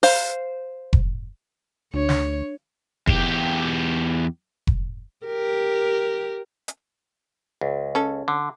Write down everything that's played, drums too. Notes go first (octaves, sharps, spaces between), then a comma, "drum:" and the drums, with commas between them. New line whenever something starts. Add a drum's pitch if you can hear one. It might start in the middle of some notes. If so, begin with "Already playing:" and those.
C5 F5, drum: open hi-hat
drum: kick F1
D2 D4 C#5
drum: snare
E2 G4, drum: kick F1
drum: kick F1
G4 A#4
drum: hi-hat
C#2
C#4 A4
D3